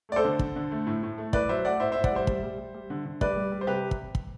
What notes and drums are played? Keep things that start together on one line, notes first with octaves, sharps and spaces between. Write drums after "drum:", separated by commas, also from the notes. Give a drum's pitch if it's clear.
A3 D5
A4 C5
D3
D3, drum: kick
D3
A3
A2
A2
A3
A2 B4 D5, drum: kick
F#3 C5 E5
A3 D5 F#5
A2 C5 E5
A2 C5 E5
D5 F#5, drum: kick
G3 C5 E5
G3, drum: kick
G3
G3
G3
D3
D3
G3 B4 D5, drum: kick
G3
G3
C5
C3 G4 B4
drum: kick
drum: kick